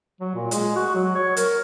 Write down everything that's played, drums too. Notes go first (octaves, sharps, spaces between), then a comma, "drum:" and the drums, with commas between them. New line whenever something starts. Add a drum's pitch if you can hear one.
F#3
A#2
G#3, drum: hi-hat
F#4
F#3
C#5
A#4, drum: hi-hat